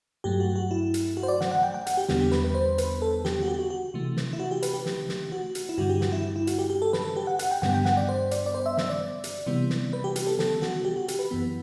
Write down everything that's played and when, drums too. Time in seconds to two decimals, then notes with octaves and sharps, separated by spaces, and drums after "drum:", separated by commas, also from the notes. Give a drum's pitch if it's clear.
0.24 G2 F#3 A3 G4
0.40 F#4
0.56 F#4
0.71 E4
0.94 drum: hi-hat
1.17 F#4
1.23 C5
1.28 D5
1.41 F#5, drum: snare
1.51 F#5
1.63 G5
1.74 G5
1.87 F#5, drum: hi-hat
1.97 G4
2.09 E2 D3 G3 B3 G4, drum: snare
2.21 G4
2.32 B4, drum: snare
2.44 B4
2.55 C5
2.78 B4, drum: hi-hat
3.02 A4
3.25 G4, drum: snare
3.43 F#4
3.48 G4
3.59 F#4
3.70 F#4
3.94 C3 E3 A3
4.17 drum: snare
4.33 E4
4.40 F#4
4.51 G4
4.63 B4, drum: hi-hat
4.74 G4
4.86 drum: snare
5.09 drum: snare
5.32 F#4
5.55 drum: hi-hat
5.69 E4
5.78 G2 D3 G3 F#4
5.89 G4
6.01 F#4, drum: snare
6.12 E4
6.36 E4
6.47 F#4, drum: hi-hat
6.59 G4
6.70 G4
6.82 A4
6.93 B4, drum: snare
7.05 A4
7.16 G4
7.27 F#5
7.39 F#5, drum: hi-hat
7.51 G5
7.62 G2 D3 G3 B3 F#5, drum: snare
7.74 G5
7.85 F#5, drum: snare
7.97 D5
8.09 C5
8.31 D5, drum: hi-hat
8.46 D5
8.54 C5
8.66 E5
8.77 E5, drum: snare
8.89 D5
9.24 drum: hi-hat
9.46 C3 E3 G3 B3
9.70 drum: snare
9.93 B4
10.04 G4
10.16 G4, drum: hi-hat
10.27 A4
10.39 A4, drum: snare
10.62 F#4, drum: snare
10.85 G4
10.96 F#4
11.08 G4, drum: hi-hat
11.19 B4
11.31 F#2 E3 B3